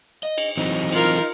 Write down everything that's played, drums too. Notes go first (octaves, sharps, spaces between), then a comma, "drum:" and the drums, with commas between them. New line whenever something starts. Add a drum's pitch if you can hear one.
D#5
drum: cymbal
E3 F#3 C4 D#4
F4 A#4, drum: cymbal